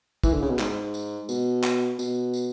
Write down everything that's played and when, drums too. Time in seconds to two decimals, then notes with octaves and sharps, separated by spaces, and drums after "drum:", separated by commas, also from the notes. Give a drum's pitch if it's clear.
0.24 E3, drum: kick, tambourine
0.33 D3
0.42 C#3
0.50 B2
0.59 G#2, drum: clap
0.94 drum: tambourine
1.29 B2, drum: tambourine
1.64 drum: clap
1.99 B2, drum: tambourine
2.33 drum: tambourine